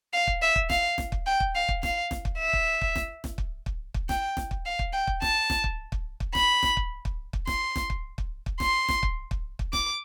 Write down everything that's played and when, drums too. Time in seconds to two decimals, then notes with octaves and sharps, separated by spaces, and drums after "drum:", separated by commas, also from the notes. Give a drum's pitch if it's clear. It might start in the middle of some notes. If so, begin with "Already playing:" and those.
0.13 F5
0.27 drum: kick
0.42 E5
0.56 drum: kick
0.70 F5, drum: snare
0.98 drum: snare
1.12 drum: kick
1.26 G5
1.40 drum: kick
1.55 F5
1.69 drum: kick
1.83 F5, drum: snare
2.11 drum: snare
2.25 drum: kick
2.39 E5
2.53 drum: kick
2.81 drum: kick
2.96 drum: snare
3.24 drum: snare
3.38 drum: kick
3.66 drum: kick
3.94 drum: kick
4.09 G5, drum: snare
4.37 drum: snare
4.51 drum: kick
4.66 F5
4.79 drum: kick
4.93 G5
5.07 drum: kick
5.22 A5, drum: snare
5.50 drum: snare
5.64 drum: kick
5.92 drum: kick
6.20 drum: kick
6.35 B5, drum: snare
6.63 drum: snare
6.77 drum: kick
7.05 drum: kick
7.33 drum: kick
7.47 C6, drum: snare
7.76 drum: snare
7.90 drum: kick
8.18 drum: kick
8.46 drum: kick
8.60 C6, drum: snare
8.89 drum: snare
9.03 drum: kick
9.31 drum: kick
9.59 drum: kick
9.73 D6, drum: snare